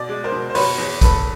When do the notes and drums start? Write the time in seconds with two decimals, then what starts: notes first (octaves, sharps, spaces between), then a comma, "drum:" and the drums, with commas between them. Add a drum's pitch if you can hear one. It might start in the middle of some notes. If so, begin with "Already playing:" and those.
Already playing: B2 D5
0.09 G#3
0.24 A#4 C5
0.32 B2
0.50 C5
0.55 B2 B4 C#5, drum: open hi-hat
0.78 E2
1.01 E2 A4 B4, drum: kick, hi-hat